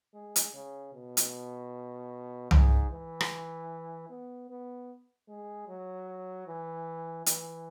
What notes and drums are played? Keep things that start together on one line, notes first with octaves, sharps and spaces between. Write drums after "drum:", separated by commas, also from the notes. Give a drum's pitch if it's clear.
G#3
drum: hi-hat
C#3
B2
drum: hi-hat
G#2, drum: tom C2
E3
drum: rim click
B3
B3
G#3
F#3
E3
E3, drum: hi-hat